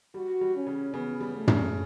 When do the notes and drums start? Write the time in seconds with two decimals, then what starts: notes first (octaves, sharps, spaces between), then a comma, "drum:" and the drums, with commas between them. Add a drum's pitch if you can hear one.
0.14 G3 F#4
0.41 G3
0.54 C#4
0.67 C#3
0.94 C#3 B3
1.21 G3
1.34 A3
1.48 C#3, drum: tom